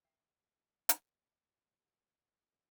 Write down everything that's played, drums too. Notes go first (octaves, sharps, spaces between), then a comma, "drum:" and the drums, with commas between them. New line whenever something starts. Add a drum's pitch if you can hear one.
E5 G5 C7
drum: hi-hat